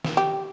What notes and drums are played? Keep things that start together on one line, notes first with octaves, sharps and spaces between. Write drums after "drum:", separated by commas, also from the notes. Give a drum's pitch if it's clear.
drum: snare
G4